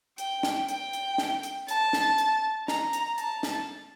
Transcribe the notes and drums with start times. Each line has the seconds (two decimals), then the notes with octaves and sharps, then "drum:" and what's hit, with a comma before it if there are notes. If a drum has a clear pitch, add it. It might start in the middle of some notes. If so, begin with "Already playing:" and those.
0.18 G5, drum: hi-hat
0.43 drum: snare
0.68 G5, drum: hi-hat
0.93 drum: hi-hat
1.18 drum: snare
1.43 drum: hi-hat
1.68 A5, drum: hi-hat
1.93 drum: snare
2.18 drum: hi-hat
2.68 A#5, drum: snare
2.93 drum: hi-hat
3.18 A5, drum: hi-hat
3.43 drum: snare